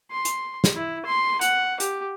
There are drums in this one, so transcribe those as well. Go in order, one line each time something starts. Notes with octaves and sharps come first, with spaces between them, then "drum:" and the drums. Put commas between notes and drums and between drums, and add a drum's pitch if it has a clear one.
C6
drum: hi-hat
drum: snare
E4
C6
F#5, drum: hi-hat
G4, drum: hi-hat